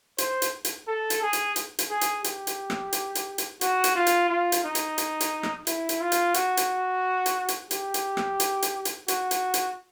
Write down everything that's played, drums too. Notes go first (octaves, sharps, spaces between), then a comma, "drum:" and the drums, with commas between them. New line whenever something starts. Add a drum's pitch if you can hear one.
C5, drum: hi-hat
drum: hi-hat
drum: hi-hat
A4
drum: hi-hat
G#4
drum: hi-hat
drum: hi-hat
drum: hi-hat
G#4
drum: hi-hat
G4, drum: hi-hat
drum: hi-hat
drum: rim click
drum: hi-hat
drum: hi-hat
drum: hi-hat
F#4, drum: hi-hat
drum: hi-hat
F4
drum: hi-hat
F4
drum: hi-hat
D#4
drum: hi-hat
drum: hi-hat
drum: hi-hat
drum: rim click
E4, drum: hi-hat
drum: hi-hat
F4
drum: hi-hat
F#4, drum: hi-hat
drum: hi-hat
drum: hi-hat
drum: hi-hat
G4, drum: hi-hat
drum: hi-hat
drum: rim click
drum: hi-hat
drum: hi-hat
drum: hi-hat
F#4, drum: hi-hat
drum: hi-hat
drum: hi-hat